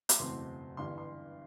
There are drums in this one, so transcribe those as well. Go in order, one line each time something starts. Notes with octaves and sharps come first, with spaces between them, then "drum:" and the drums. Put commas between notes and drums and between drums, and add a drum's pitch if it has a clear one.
D6, drum: hi-hat
F#1 E2 B2 A3 C4 C6
G1 G2 E3 C6
C6